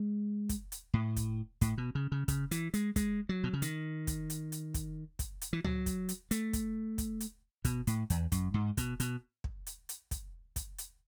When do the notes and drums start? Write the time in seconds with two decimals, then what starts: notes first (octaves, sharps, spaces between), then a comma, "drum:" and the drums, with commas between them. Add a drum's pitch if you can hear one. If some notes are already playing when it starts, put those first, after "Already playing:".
Already playing: G#3
0.49 drum: kick, hi-hat
0.72 drum: hi-hat
0.94 A2
1.16 drum: kick, hi-hat
1.61 A2, drum: kick, hi-hat
1.78 B2
1.95 C#3
2.12 C#3
2.28 C#3, drum: kick, hi-hat
2.51 E3, drum: hi-hat
2.74 G#3, drum: hi-hat
2.96 G#3, drum: kick, hi-hat
3.29 F#3
3.44 B2
3.53 C#3
3.62 D#3, drum: hi-hat
4.07 drum: kick, hi-hat
4.30 drum: hi-hat
4.52 drum: hi-hat
4.74 drum: kick, hi-hat
5.19 drum: kick, hi-hat
5.41 drum: hi-hat
5.53 E3
5.64 F#3, drum: tom C#2
5.86 drum: kick, hi-hat
6.09 drum: hi-hat
6.31 A3, drum: hi-hat
6.53 drum: kick, hi-hat
6.98 drum: kick, hi-hat
7.20 drum: hi-hat
7.65 B2, drum: kick, hi-hat
7.87 A2, drum: hi-hat
8.10 E2, drum: hi-hat
8.32 F#2, drum: kick, hi-hat
8.54 G#2
8.77 B2, drum: kick, hi-hat
9.00 B2, drum: hi-hat
9.44 drum: kick
9.67 drum: hi-hat
9.89 drum: hi-hat
10.11 drum: kick, hi-hat
10.56 drum: kick, hi-hat
10.78 drum: hi-hat